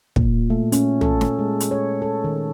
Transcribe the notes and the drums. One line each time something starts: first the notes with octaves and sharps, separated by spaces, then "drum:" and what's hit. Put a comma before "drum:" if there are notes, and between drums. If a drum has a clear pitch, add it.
A#2, drum: kick
A3
C#4, drum: hi-hat
A4, drum: tom
drum: snare
G#3
drum: hi-hat
C#5
A4
D#3